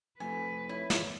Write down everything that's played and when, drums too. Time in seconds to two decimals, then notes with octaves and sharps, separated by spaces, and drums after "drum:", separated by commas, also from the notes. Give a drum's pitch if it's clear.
0.20 F2 A3 B4 G#5
0.69 E4 C#5
0.90 drum: snare